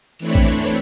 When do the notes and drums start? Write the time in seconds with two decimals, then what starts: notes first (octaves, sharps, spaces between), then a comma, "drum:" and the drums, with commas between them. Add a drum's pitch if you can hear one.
0.19 E3 A3 C4 D4 C#5 B5, drum: tambourine
0.35 drum: kick A1, tambourine
0.51 drum: tambourine